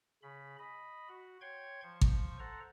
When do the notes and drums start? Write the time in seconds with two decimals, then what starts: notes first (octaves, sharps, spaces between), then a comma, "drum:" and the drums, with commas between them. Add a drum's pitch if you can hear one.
0.23 C#3 B5
0.59 D#5 B5
1.09 F#4
1.41 C#5 G5 C6 C#6 G#6
1.83 F3 C5 C#6
2.01 drum: kick G#1
2.39 A4 C5 F#5 A#5